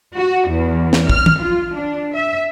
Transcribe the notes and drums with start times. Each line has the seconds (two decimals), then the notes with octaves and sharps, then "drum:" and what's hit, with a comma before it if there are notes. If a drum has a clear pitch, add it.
0.16 F#4
0.48 E2
0.93 drum: snare
1.09 F6, drum: kick
1.26 drum: tom D#3
1.41 F4
1.73 D4
2.15 E5